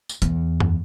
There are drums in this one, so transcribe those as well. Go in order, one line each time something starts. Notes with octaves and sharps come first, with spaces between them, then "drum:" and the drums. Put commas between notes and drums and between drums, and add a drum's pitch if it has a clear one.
drum: tambourine
E2, drum: hi-hat
drum: tom F#2